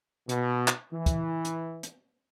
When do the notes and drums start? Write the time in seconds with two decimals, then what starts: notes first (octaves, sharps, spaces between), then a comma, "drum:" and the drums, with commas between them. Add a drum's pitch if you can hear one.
0.29 B2, drum: hi-hat
0.68 drum: clap
0.93 E3
1.06 drum: kick, hi-hat
1.45 drum: hi-hat
1.83 drum: hi-hat